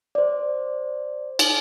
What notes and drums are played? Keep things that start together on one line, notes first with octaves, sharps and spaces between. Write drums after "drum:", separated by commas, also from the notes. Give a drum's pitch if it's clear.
C5 D5
drum: cymbal